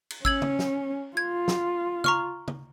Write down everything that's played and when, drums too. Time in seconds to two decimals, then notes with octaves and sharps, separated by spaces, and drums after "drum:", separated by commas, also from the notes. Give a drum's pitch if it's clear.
0.10 drum: cymbal
0.25 C#4 E6 G#6 F#7, drum: kick A1
0.42 drum: tom C#3
0.59 drum: snare
1.17 F4 G#6
1.48 drum: snare
2.04 A#5 C#6 F6, drum: tom C#3
2.48 drum: tom C#3